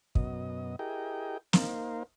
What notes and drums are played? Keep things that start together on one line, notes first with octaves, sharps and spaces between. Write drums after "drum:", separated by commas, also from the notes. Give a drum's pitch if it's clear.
F#2 B2 D#5, drum: kick
E4 G4 G#4 A#4 D#5 G5
A#3 D#4 A#4 C5 F5, drum: snare